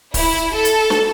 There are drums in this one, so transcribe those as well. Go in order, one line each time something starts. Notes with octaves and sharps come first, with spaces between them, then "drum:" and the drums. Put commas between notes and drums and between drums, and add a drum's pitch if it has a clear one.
E4, drum: kick, open hi-hat
A4
drum: hi-hat
drum: snare